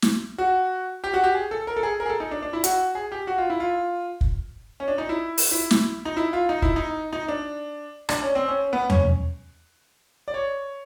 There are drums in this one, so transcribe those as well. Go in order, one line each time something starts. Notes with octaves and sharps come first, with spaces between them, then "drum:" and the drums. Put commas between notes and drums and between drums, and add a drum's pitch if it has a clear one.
drum: snare
F#4
G4
F#4
G4
G#4
A4
A#4
A4
G#4
A#4
G#4
A4
D#4
D4
D4
E4
F#4, drum: hi-hat
G#4
G4
F#4
F4
E4
F4
drum: kick
C#4
D4
D#4
E4
drum: open hi-hat
E4
drum: snare
D#4
E4
F4
D#4
E4, drum: kick
D#4
D#4
D4
D4, drum: rim click
C#4
C4
C#4
B3
C#4, drum: tom E2
D5
C#5